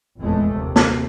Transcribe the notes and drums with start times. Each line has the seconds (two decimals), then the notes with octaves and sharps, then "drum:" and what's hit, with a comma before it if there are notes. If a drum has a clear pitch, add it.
0.19 F1 A#1 E2 G#3 A3
0.53 D#2 C3
0.76 drum: snare